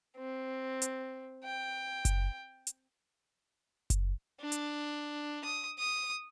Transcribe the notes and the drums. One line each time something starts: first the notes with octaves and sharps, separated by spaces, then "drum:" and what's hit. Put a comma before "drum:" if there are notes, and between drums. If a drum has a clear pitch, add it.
C4
drum: hi-hat
G5
drum: kick F#1, hi-hat
drum: hi-hat
drum: kick F#1, hi-hat
D4
drum: hi-hat
D#6
D#6